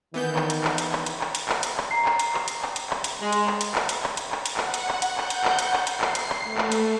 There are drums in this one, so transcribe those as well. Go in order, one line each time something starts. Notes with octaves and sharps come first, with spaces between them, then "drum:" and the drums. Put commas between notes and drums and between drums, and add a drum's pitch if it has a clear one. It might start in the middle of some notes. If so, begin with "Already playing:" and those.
D#3 E3 B3 G6
drum: clap
drum: hi-hat
drum: clap
drum: hi-hat
drum: clap
drum: hi-hat
drum: clap
drum: hi-hat
drum: clap
drum: hi-hat
drum: clap
A#5 C7
drum: clap
drum: hi-hat
drum: clap
drum: hi-hat
drum: clap
drum: hi-hat
drum: clap
drum: hi-hat
G#3
drum: hi-hat
drum: clap
drum: hi-hat
drum: clap
drum: hi-hat
drum: clap
drum: hi-hat
drum: clap
drum: hi-hat
F#5, drum: clap
drum: hi-hat
drum: clap
drum: hi-hat
F#5 G6, drum: clap
drum: hi-hat
drum: clap
drum: hi-hat
drum: clap
C7, drum: hi-hat
drum: clap
drum: hi-hat
drum: clap
A3
drum: clap
drum: hi-hat